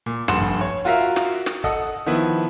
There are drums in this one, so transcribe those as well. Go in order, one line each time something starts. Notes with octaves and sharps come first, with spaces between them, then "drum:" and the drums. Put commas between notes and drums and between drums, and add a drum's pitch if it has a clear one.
A#2
F1 G2 F#5 C6 E7, drum: snare
drum: kick
C#5
F4 F#4 A#4 E5 F5
drum: snare
drum: snare
A4 D#5 F#5 D#6, drum: kick
D#3 F3 B3 E4 B4